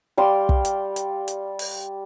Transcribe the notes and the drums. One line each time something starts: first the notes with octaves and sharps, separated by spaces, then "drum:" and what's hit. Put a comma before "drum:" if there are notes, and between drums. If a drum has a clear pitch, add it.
G3 F5 C6 D6
drum: kick
drum: hi-hat
drum: hi-hat
drum: hi-hat
drum: open hi-hat